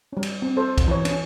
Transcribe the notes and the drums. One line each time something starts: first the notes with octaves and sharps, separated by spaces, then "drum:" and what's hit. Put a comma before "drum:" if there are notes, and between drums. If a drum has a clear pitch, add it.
G3 C#4
drum: cymbal
C4
A4 C5
drum: kick B1, cymbal
E3 C#5
C#4, drum: cymbal